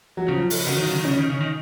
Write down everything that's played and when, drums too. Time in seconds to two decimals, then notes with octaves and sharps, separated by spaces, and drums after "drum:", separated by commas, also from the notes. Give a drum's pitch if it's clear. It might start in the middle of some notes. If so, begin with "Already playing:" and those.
0.17 F#3
0.28 C#3 F3
0.50 drum: open hi-hat
0.66 C#3 F#3
0.77 D#3
0.88 C#3
0.98 D#3
1.05 C#3 C#4
1.19 D#3
1.30 C#3
1.41 D#3